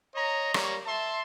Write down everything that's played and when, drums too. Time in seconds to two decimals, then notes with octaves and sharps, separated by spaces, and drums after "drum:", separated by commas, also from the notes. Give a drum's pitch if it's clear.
0.15 C#5 D#5 A#5
0.54 G3 A#3 A#4 C#5, drum: rim click
0.86 E5 A5 C6